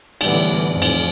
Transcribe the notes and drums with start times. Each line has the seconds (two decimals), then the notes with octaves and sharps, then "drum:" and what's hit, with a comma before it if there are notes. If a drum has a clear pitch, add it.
0.21 A2 D3 E3 G3 B3, drum: cymbal
0.72 F2 A2
0.82 drum: cymbal